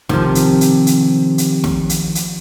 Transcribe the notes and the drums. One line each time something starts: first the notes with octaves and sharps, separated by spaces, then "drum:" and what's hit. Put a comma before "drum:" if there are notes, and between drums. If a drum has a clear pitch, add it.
C3 D#3 F3, drum: snare
drum: hi-hat
drum: hi-hat
drum: hi-hat
drum: hi-hat
drum: snare
drum: hi-hat
drum: hi-hat